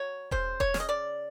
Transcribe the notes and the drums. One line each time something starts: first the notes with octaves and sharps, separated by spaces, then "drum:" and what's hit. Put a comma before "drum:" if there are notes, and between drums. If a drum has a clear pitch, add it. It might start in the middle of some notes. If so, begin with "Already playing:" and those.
Already playing: F#3 C#5
C#3 C5, drum: kick E1
C#5, drum: kick E1
C#3, drum: snare
D#5
D5